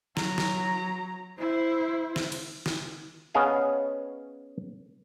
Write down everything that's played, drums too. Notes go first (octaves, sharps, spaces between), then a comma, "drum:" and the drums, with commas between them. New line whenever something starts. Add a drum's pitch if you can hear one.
F#3 A#5, drum: snare
drum: snare
E4 C5
drum: snare
drum: cymbal
drum: snare
B3 C#4 G#4 D#5 F5 G#5